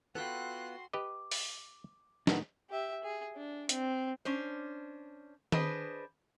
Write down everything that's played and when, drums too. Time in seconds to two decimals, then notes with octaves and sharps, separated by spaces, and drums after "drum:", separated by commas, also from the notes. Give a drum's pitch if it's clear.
0.15 B3 F4 F#4 A4 B4 G5 C6 F#6
0.94 G4 B4 D#5 D6
1.31 drum: open hi-hat
2.27 A2 D#3 D4 D#4 B4 F#5, drum: snare
2.70 G4 E5
3.03 G#4
3.36 D4
3.69 C4, drum: hi-hat
4.25 C#4 D4 C5
5.52 D4 G#4 B4 C5 D#5, drum: tom D#3